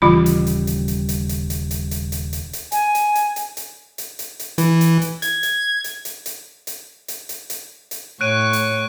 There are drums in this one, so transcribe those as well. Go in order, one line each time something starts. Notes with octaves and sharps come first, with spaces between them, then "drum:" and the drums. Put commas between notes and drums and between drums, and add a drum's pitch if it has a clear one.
D#1 C#3 E3 G3 F4 B5
drum: hi-hat
drum: hi-hat
drum: hi-hat
drum: hi-hat
drum: hi-hat
drum: hi-hat
drum: hi-hat
drum: hi-hat
drum: hi-hat
drum: hi-hat
drum: hi-hat
drum: hi-hat
G#5, drum: hi-hat
drum: hi-hat
drum: hi-hat
drum: hi-hat
drum: hi-hat
drum: hi-hat
drum: hi-hat
drum: hi-hat
E3, drum: hi-hat
drum: hi-hat
drum: hi-hat
G#6, drum: hi-hat
drum: hi-hat
drum: hi-hat
drum: hi-hat
drum: hi-hat
drum: hi-hat
drum: hi-hat
drum: hi-hat
drum: hi-hat
drum: hi-hat
A2 C#5 C#6 F#6 D7 D#7
drum: hi-hat